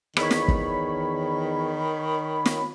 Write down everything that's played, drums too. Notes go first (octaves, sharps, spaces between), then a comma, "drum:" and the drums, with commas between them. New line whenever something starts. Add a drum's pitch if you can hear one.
E2 D#3 C#5 B5, drum: rim click
drum: snare
drum: kick
drum: snare